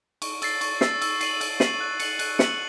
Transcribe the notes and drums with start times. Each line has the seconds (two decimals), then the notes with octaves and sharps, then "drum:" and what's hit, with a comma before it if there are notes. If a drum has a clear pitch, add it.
0.22 C#6, drum: cymbal
0.42 E6 A6 C7, drum: cymbal
0.61 C#6, drum: cymbal
0.81 E6 A6 C7, drum: snare
1.02 E6, drum: cymbal
1.21 C7 D#7 F#7, drum: cymbal
1.41 E6, drum: cymbal
1.60 C7 D#7 F#7, drum: snare
1.80 F#6
2.00 C#7 F#7, drum: cymbal
2.19 F#6, drum: cymbal
2.39 C#7 F#7, drum: snare